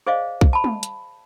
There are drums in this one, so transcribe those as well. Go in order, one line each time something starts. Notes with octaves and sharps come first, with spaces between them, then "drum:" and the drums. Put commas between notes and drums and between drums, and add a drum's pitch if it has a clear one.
G#4 C5 D5 D#5 F5
drum: kick B1
A5 B5
drum: tom
drum: hi-hat